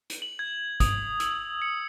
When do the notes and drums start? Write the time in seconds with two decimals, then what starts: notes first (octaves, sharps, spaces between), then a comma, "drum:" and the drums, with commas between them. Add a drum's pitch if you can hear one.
0.10 drum: hi-hat
0.22 F#7
0.39 G#6
0.80 D#6, drum: kick, hi-hat
1.20 E6, drum: hi-hat
1.62 C#7